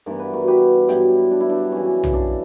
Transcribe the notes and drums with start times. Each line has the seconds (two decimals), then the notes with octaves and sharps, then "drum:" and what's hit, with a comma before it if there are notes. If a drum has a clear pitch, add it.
0.06 G2 E3 B3 A#4
0.19 B4
0.34 F#4 A#4
0.48 G4 B4
0.89 G2 F#3 B3 E4 G4, drum: hi-hat
1.31 D4
1.40 E4
1.50 D4
1.72 F#2 C#3 E3 C#4
2.04 drum: tom B1
2.14 D4